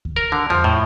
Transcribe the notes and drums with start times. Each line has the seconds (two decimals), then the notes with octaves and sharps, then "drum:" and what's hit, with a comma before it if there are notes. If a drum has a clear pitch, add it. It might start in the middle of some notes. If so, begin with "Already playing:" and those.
0.05 drum: kick D2
0.16 A#4
0.32 D3
0.50 F3, drum: tom E2
0.64 A2